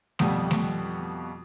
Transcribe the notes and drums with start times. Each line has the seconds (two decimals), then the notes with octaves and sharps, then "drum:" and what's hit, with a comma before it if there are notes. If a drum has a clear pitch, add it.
0.19 F2 B2 G3 F#5 D#6, drum: snare A3
0.51 drum: snare A3